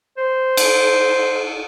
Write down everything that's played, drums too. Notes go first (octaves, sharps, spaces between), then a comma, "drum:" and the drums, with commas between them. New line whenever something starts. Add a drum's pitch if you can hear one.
C5
drum: cymbal